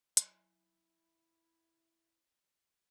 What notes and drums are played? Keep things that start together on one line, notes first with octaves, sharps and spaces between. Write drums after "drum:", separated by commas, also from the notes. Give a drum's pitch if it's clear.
F#3 E4 G#5, drum: hi-hat